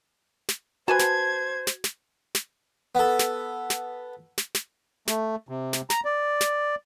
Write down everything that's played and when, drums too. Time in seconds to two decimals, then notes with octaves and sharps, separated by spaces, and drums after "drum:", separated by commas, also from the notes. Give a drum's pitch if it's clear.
0.49 drum: snare
0.88 F#4 B4 C5 G#5 A5 G#6
0.99 drum: snare
1.67 drum: snare
1.84 drum: snare
2.35 drum: snare
2.95 B3 A4
3.19 drum: snare
3.70 drum: snare
4.38 drum: snare
4.55 drum: snare
5.08 A3, drum: snare
5.49 C3
5.73 drum: snare
5.90 A#5, drum: snare
6.05 D5
6.41 drum: snare